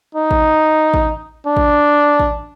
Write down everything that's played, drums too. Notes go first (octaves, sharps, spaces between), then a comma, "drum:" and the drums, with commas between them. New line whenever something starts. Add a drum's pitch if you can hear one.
D#4
drum: kick A1
drum: kick A1
D4
drum: kick A1
drum: kick A1